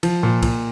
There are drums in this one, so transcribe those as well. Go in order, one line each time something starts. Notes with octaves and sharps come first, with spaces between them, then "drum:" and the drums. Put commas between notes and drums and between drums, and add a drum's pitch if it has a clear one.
F3, drum: cymbal
A#2
A#2, drum: kick, cymbal